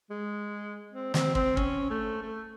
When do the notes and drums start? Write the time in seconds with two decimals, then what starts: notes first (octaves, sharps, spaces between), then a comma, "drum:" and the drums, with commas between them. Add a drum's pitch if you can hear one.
0.10 G#3
0.92 C4
1.14 C4, drum: snare
1.35 C4, drum: kick
1.57 C#4, drum: kick
1.90 A3
2.23 A3